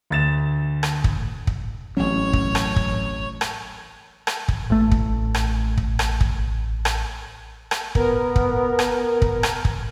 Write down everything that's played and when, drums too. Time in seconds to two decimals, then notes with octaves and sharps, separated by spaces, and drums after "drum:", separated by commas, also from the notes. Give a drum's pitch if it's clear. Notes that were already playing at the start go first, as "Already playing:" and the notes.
0.10 D2 A6 E7
0.83 drum: rim click
1.04 drum: kick
1.47 drum: kick
1.97 A1 F#3 C4 C#4 C#5
2.33 drum: kick
2.55 drum: rim click
2.76 drum: kick
3.41 drum: rim click
4.27 drum: rim click
4.48 drum: kick
4.70 A1 A3
4.91 drum: kick
5.34 drum: rim click
5.78 drum: kick
5.99 drum: rim click
6.21 drum: kick
6.85 drum: rim click
7.71 drum: rim click
7.95 B3 A#4, drum: kick
8.36 drum: kick
8.79 drum: rim click
9.22 drum: kick
9.43 drum: rim click
9.65 drum: kick